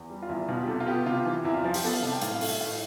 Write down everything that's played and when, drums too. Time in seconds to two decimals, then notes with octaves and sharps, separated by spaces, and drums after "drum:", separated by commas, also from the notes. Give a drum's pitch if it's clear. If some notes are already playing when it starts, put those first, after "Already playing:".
Already playing: E2
0.10 G3
0.22 F4
0.29 E2 E4
0.48 B2 F4
0.63 G4
0.68 C3 A4
0.80 F4
0.86 B3 G4
1.06 C3 F4
1.26 E3
1.44 E2 E4
1.54 F4
1.64 F3 F4
1.74 G4, drum: open hi-hat
1.84 B3 A4
1.93 F5
2.03 C3 A5
2.13 G5
2.22 A2 F5, drum: hi-hat
2.35 F5
2.41 A3, drum: open hi-hat
2.48 E5
2.61 A2 F5